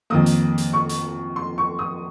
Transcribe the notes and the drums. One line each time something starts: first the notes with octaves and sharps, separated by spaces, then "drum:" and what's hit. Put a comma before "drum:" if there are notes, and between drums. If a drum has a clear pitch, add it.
F2 D#3 A#3 D#6
drum: hi-hat
drum: hi-hat
C#6
drum: hi-hat
C6
C#6
D#6